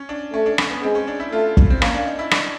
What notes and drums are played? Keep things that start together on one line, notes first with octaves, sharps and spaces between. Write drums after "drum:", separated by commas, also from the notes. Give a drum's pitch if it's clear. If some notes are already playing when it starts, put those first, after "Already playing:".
Already playing: C#4
D4
A3 C#4
D4
C#4, drum: rim click
B3
G#3 C4
C#4
D4
E4
A3 F4
drum: kick
C4
A#3 C#4, drum: rim click
D4
D#4
E4
D4, drum: rim click